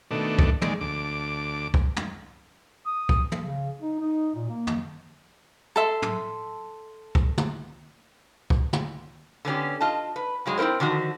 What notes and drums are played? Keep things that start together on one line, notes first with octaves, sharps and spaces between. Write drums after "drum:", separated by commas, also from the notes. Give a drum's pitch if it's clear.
B2 D#3 A3 D4
drum: kick C2
D#3 G#3 D5, drum: tom
D2 D6
drum: kick C2
drum: tom
D#6
drum: kick C2
drum: tom
C#3
D#4
D#4
A#2
A#3
drum: tom
A4 E5 C6
drum: tom
drum: kick C2
drum: tom
drum: kick C2
drum: tom
D3 B3 C#4 G4
F4 D#5 A5
B4
G2 F#3 G#3
C4 E4 F#4 A#4 C5
D3 D#3 F3 F#4